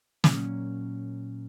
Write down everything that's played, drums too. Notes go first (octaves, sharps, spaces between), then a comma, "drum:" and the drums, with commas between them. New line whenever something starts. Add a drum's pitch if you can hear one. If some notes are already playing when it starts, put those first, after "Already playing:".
A#2 F#3 A#3 C#4, drum: snare